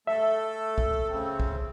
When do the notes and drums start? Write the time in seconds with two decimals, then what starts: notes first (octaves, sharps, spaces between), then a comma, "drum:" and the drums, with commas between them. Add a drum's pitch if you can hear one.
0.07 A3 A4 E5
0.78 drum: kick
1.09 C#3 C4
1.40 drum: kick